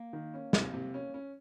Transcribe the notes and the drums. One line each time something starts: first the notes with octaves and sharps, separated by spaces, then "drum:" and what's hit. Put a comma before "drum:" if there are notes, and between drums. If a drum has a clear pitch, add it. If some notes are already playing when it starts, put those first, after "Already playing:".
Already playing: A#3
D#3
C#4
C3, drum: snare
C3
C#4
C#4